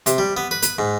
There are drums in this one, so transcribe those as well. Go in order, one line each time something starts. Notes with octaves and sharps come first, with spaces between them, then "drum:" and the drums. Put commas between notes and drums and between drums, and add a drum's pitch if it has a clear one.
C3, drum: hi-hat
G3
B3
B4
B4, drum: hi-hat
G#2